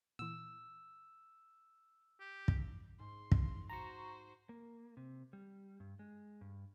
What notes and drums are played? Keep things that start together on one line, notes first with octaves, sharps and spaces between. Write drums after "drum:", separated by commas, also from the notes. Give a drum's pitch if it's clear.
A#2 E3 E6
G4
drum: kick
G#2 C6
drum: kick
F#4 C5 A#5 C#6
A#3
C3
G3
G2
G#3
G2